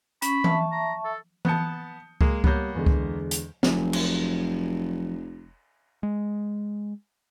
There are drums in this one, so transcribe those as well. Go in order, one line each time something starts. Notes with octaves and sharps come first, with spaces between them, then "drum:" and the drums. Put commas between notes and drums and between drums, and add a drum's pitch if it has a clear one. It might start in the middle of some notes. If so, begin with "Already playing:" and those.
C#4 B5 C#6, drum: hi-hat
E5 A5 C#6, drum: tom E3
A#5
A4
B3 A5 D#6 G6 C#7, drum: tom E3
G#3 A#3, drum: kick C#2
G3 A#3 B3 C#5 G6, drum: kick C#2
E2 D3 G#3
drum: kick C#2
drum: hi-hat
F1 F3 F#3 G#5, drum: snare
drum: cymbal
G#3